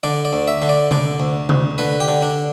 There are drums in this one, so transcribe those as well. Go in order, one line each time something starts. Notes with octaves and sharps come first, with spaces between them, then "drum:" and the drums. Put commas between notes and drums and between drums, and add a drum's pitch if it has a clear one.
D3 D5
D5
D2
E5
D3
D5
D3 D5, drum: tom C3
D2
D2, drum: tom C3
D3 B4
G4
D3
D4